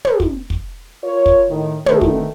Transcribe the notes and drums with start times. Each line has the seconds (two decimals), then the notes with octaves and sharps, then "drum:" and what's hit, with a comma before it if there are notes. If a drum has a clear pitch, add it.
0.05 drum: tom
0.20 drum: kick
0.50 drum: kick
1.03 F4 A#4 C#5
1.26 drum: kick
1.49 A2 D#3
1.86 B2 D3 D#3 A3, drum: tom
2.01 drum: kick